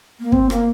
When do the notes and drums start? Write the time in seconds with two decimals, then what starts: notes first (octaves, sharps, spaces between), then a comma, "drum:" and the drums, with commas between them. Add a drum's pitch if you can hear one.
0.20 A#3
0.32 C4, drum: kick
0.50 A#3, drum: rim click